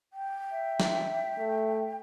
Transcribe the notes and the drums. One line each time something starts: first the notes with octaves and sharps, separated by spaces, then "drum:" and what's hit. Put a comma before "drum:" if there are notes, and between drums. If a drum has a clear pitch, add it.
G5
E5
drum: snare
A3